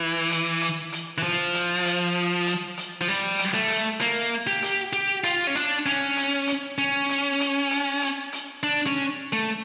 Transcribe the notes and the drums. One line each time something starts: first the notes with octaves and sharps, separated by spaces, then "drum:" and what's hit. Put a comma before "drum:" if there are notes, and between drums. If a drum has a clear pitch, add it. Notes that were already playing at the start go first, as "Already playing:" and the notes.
Already playing: E3
drum: hi-hat
drum: hi-hat
drum: hi-hat
E3
F3
drum: hi-hat
drum: hi-hat
drum: hi-hat
drum: hi-hat
F3
G3
drum: hi-hat
A3
drum: hi-hat
A#3, drum: hi-hat
G4
drum: hi-hat
G4
F4, drum: hi-hat
C#4
D4, drum: hi-hat
C#4, drum: hi-hat
drum: hi-hat
drum: hi-hat
C#4
drum: hi-hat
drum: hi-hat
drum: hi-hat
drum: hi-hat
drum: hi-hat
D4
C#4
A3